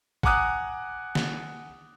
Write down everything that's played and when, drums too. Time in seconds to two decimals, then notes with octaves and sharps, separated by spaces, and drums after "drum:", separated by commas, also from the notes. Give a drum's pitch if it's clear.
0.23 F#5 G#5 A#5 D6 D#6 F#6, drum: kick A1
1.15 drum: snare